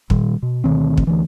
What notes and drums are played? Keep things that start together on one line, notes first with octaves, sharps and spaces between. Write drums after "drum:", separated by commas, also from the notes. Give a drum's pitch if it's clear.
A#2 D#3 G3, drum: kick
B2
D2 B2 D#3 C4
drum: kick
D2 E3